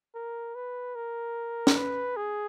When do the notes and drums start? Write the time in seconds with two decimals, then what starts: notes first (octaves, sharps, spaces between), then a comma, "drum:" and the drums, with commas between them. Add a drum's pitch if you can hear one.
0.14 A#4
0.55 B4
0.95 A#4
1.67 drum: snare
1.76 B4
2.17 G#4